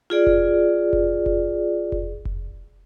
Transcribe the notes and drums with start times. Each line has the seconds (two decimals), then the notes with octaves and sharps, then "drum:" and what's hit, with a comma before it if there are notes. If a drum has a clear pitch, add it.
0.10 F4 G#4 D5
0.27 drum: kick F1
0.93 drum: kick F1
1.26 drum: kick F1
1.92 drum: kick F1
2.25 drum: kick F1